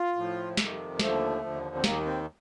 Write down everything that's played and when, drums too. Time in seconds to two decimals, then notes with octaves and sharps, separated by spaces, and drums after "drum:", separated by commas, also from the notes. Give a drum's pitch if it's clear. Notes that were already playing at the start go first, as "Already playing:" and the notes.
Already playing: F4
0.16 A2 F3
0.57 F2 C3 D#3, drum: snare
0.99 D#2 D3 F3 A3, drum: snare
1.42 D#2 D3 F3
1.76 C4
1.84 D#2 D#3 A#3, drum: snare
2.05 C4